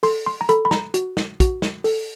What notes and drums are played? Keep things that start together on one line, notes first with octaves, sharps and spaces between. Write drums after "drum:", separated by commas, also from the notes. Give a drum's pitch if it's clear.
A4 C6, drum: open hi-hat
C6
A#5
A4 B5, drum: hi-hat
B5
A#5, drum: snare
F#4, drum: hi-hat
drum: snare
F#4, drum: kick, hi-hat
drum: snare
A4, drum: open hi-hat